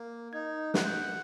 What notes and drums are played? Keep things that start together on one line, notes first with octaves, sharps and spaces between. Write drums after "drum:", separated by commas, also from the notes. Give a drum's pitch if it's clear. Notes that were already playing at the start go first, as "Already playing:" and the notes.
Already playing: A#3
D#4 G#6
F#5 F#6, drum: snare
G6
F#6